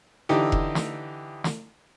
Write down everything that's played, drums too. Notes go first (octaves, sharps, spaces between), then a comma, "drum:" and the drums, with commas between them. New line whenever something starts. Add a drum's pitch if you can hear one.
D3 E3 D#4 G4
drum: kick F1
drum: snare
drum: snare